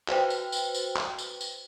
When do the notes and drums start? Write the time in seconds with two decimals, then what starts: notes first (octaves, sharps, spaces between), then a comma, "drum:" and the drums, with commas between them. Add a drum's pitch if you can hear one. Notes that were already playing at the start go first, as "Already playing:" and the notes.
0.08 F#4 B4 C5 G5, drum: clap
0.30 drum: tambourine
0.52 drum: tambourine
0.74 drum: tambourine
0.96 drum: clap
1.19 drum: tambourine
1.41 drum: tambourine